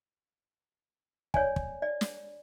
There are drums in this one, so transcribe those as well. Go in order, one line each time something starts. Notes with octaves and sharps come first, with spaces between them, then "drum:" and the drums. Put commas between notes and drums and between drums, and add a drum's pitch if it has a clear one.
C#5 D5 G#5, drum: kick
drum: kick
D5
drum: snare